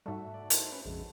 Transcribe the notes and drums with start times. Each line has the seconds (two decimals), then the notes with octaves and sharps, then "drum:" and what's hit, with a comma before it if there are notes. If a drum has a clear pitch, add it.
0.06 G#2 G3 A3 F#4 E5
0.34 D5
0.50 D#4 E4 A4 A#4 C5, drum: hi-hat
0.72 C#4 B4
0.85 A#1 F2 C#3 G#3